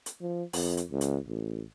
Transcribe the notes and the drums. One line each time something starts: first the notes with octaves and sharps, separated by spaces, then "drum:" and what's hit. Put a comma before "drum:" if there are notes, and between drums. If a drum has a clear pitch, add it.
drum: hi-hat
F3
F2, drum: open hi-hat
drum: hi-hat
C#2
drum: hi-hat
A1